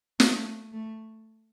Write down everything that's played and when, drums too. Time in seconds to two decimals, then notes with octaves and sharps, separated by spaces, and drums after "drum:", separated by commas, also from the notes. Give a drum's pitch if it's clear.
0.20 A3, drum: snare
0.73 A3